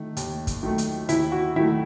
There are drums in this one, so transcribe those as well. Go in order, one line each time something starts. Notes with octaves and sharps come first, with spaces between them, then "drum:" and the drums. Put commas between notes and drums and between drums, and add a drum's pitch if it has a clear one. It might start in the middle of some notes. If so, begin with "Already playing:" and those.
Already playing: D#3 A3
D#2, drum: hi-hat
drum: kick, hi-hat
D#3 F#3 A3
drum: hi-hat
D#2 E4, drum: hi-hat
F#4
D#3 F#3 A3 E4